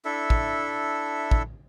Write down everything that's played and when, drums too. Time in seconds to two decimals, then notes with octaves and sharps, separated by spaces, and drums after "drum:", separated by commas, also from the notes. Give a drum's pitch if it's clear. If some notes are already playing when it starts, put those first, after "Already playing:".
0.05 D4 E4 A4 E5
0.30 drum: kick
1.31 drum: kick